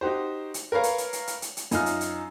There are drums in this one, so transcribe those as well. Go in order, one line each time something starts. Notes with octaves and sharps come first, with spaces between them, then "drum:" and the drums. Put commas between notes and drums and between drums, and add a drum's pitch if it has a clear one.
D#4 F#4 G4 C5
drum: hi-hat
A#4 B4 C#5 F5 A#5
drum: hi-hat
drum: hi-hat
drum: hi-hat
drum: hi-hat
drum: hi-hat
drum: hi-hat
F#2 D#4 F4 F6, drum: hi-hat
drum: hi-hat
drum: hi-hat